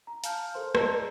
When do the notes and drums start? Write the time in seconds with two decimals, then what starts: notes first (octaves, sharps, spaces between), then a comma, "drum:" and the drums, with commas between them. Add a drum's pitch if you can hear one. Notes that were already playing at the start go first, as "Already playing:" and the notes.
0.07 A#5
0.24 F5 G#5 A5 F6 G6, drum: hi-hat
0.54 A4 A#4 C5 C6
0.75 G#4 D5 D#5 A5 A#5 E6, drum: rim click